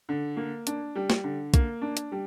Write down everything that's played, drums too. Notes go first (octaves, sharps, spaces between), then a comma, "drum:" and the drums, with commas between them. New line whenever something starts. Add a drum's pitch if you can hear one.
D3
A#3
D4, drum: hi-hat
G3
drum: snare
D3
A#3, drum: kick, hi-hat
D4
drum: hi-hat
G3